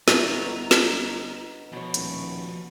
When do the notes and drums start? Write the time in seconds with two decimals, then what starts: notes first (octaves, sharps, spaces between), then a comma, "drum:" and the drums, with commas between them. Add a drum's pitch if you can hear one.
0.08 G1 B3 C#4 E4 D#5 A#5, drum: snare
0.71 drum: snare
1.72 B2 F3 F#4 C#5
1.94 D#1, drum: hi-hat